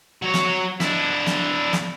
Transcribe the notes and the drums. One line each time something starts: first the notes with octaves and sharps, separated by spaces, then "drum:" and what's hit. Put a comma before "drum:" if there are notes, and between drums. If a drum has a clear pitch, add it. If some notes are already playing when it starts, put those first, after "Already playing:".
F#3 C#5
drum: snare
D4 E4, drum: snare
drum: snare
drum: snare